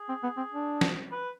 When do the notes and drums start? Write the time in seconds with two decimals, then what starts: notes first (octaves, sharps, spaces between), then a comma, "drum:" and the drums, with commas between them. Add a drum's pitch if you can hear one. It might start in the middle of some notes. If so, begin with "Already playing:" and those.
Already playing: G#4
0.09 C4
0.23 B3
0.37 C4
0.52 D4
0.81 drum: snare
1.12 B4